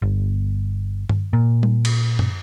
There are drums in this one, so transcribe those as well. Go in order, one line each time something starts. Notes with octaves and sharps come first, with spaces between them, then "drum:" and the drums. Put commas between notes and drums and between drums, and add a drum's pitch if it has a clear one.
G1
drum: tom G2
A#2
drum: tom G3
drum: cymbal
drum: tom F#2